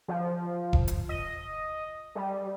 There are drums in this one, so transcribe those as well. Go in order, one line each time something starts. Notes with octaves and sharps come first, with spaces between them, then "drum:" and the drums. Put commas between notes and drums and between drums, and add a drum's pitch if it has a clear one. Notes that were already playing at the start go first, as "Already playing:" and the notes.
F3
drum: kick E1
drum: hi-hat
D#5
G3